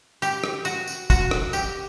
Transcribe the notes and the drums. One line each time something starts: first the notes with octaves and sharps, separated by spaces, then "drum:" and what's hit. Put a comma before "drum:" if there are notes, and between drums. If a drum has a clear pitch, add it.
G4, drum: tambourine
drum: rim click
F#4, drum: tambourine
drum: tambourine
F#4, drum: kick, tambourine
drum: rim click
G4, drum: tambourine